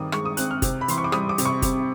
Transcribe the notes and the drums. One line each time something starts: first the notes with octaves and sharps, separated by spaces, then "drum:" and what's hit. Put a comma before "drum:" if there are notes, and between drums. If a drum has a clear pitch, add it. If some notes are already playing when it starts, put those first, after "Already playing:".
Already playing: G2 D#3 C4 D6 D#6
G#3 C#6, drum: rim click
D#6
C4 F#6, drum: hi-hat
F6
C3, drum: kick F#1, hi-hat
B5
E3 C6, drum: hi-hat
C#6
D6
G3 D#6, drum: rim click
D6
C3, drum: hi-hat
C#6
C3, drum: kick F#1, hi-hat